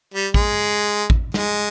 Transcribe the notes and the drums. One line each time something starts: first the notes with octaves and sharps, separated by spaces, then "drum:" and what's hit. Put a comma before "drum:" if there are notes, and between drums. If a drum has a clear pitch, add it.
G3
G#3, drum: kick
drum: kick
G#3, drum: snare